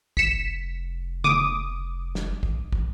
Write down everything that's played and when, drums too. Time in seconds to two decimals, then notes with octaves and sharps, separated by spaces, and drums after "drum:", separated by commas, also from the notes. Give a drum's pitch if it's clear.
0.17 F1 B6 C#7 E7, drum: kick
1.24 D6 D#6, drum: tom C#3
2.15 drum: snare
2.43 drum: kick
2.72 drum: kick